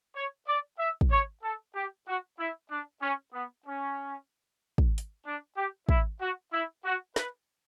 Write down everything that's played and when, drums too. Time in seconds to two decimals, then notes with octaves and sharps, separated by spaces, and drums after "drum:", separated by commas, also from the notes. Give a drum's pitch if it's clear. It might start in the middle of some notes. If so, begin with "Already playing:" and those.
0.16 C#5
0.48 D5
0.79 E5
1.01 drum: kick
1.11 C#5
1.43 A4
1.75 G4
2.07 F#4
2.38 E4
2.70 D4
3.02 C#4
3.34 B3
3.67 C#4
4.78 drum: kick
4.98 drum: hi-hat
5.26 D4
5.57 G4
5.89 E4, drum: kick
6.21 F#4
6.53 E4
6.85 F#4
7.16 B4, drum: snare